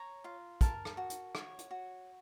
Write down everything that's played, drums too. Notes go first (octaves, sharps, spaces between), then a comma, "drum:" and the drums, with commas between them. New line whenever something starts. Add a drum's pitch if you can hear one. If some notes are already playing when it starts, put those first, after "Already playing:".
Already playing: C#5 A#5
F4
A#4 A5, drum: kick, hi-hat
drum: rim click
F#4
drum: hi-hat
C#5, drum: rim click
drum: hi-hat
F#4